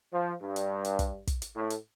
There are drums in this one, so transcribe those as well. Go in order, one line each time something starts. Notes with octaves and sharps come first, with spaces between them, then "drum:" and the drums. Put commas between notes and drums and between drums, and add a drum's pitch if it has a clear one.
F3
G2
drum: hi-hat
drum: hi-hat
drum: kick, hi-hat
drum: kick, hi-hat
drum: hi-hat
A2
drum: hi-hat